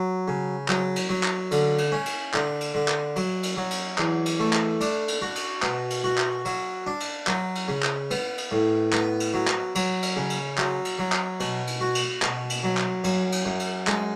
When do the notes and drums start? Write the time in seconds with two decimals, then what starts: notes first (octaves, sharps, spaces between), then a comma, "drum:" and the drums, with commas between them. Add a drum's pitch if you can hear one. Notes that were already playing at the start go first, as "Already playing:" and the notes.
Already playing: F#3
0.28 C#3
0.68 F#3, drum: clap
0.96 drum: cymbal
1.09 F#3
1.23 drum: clap
1.51 D3, drum: cymbal
1.78 drum: cymbal
1.92 C#4
2.06 drum: cymbal
2.34 D3, drum: clap
2.61 drum: cymbal
2.74 D3
2.88 drum: clap
3.16 F#3, drum: cymbal
3.43 drum: cymbal
3.57 F#3
3.71 drum: cymbal
3.98 E2, drum: clap
4.25 drum: cymbal
4.39 A3
4.53 drum: clap
4.81 D4, drum: cymbal
5.08 drum: cymbal
5.22 F#4
5.35 drum: cymbal
5.63 B2, drum: clap
5.90 drum: cymbal
6.04 F#4
6.18 drum: clap
6.45 F#3, drum: cymbal
6.86 D4
7.00 drum: cymbal
7.27 F#3, drum: clap
7.55 drum: cymbal
7.68 C#3
7.83 drum: clap
8.11 B3, drum: cymbal
8.38 drum: cymbal
8.51 A2
8.93 B3, drum: clap
9.20 drum: cymbal
9.34 F#3
9.47 drum: clap
9.75 F#3, drum: cymbal
10.02 drum: cymbal
10.16 C#3
10.30 drum: cymbal
10.58 F#3, drum: clap
10.85 drum: cymbal
10.98 F#3
11.12 drum: clap
11.40 B2, drum: cymbal
11.67 drum: cymbal
11.81 F#4
11.95 drum: cymbal
12.22 B2, drum: clap
12.50 drum: cymbal
12.63 F#3
12.77 drum: clap
13.04 F#2, drum: cymbal
13.32 drum: cymbal
13.45 F#2
13.60 drum: cymbal
13.87 G#3, drum: clap